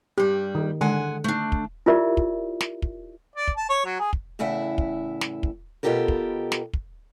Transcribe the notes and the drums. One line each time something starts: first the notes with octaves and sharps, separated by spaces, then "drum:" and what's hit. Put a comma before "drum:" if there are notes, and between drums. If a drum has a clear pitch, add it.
G2 G3 G4
D#3
D3 G#3 F#5 G#5
A3 D4
drum: kick
E4 F4 G4 A#4 D5 E5
drum: kick
drum: snare
drum: kick
D5
drum: kick
A5
C#5
F#3
G#4
drum: kick
E2 A2 C#3 E4 E5 F#5
drum: kick
drum: snare
drum: kick
B2 B3 F4 G4 A4 A#4
drum: kick
drum: snare
drum: kick